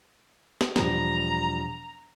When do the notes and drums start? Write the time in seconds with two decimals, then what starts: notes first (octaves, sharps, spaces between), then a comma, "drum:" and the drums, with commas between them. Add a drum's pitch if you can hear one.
0.61 drum: snare
0.76 E1 F3 G3 A#5, drum: snare